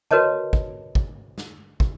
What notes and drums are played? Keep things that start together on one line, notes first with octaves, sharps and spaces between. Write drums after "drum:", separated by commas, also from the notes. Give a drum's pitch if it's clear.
F#4 A#4 B4 C#5 D#5 A5, drum: tom C#3
drum: kick
drum: kick
drum: snare
drum: kick